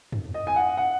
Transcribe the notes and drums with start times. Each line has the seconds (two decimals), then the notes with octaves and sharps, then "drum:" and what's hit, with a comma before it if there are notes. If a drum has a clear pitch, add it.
0.12 drum: tom
0.34 D#5
0.47 G#5
0.56 F#5
0.77 F#5